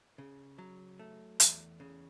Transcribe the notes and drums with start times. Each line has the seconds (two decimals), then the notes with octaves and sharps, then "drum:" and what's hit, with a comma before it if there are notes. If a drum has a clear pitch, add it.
0.18 C#3
0.58 F#3
0.99 A3
1.40 E2, drum: hi-hat
1.80 C#3